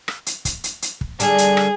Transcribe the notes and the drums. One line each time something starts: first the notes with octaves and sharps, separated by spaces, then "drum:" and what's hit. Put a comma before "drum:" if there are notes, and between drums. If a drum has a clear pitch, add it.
drum: rim click
drum: hi-hat
drum: kick, hi-hat
drum: hi-hat
drum: hi-hat
drum: kick
D3 G3 G#4 A4, drum: hi-hat
drum: hi-hat
drum: rim click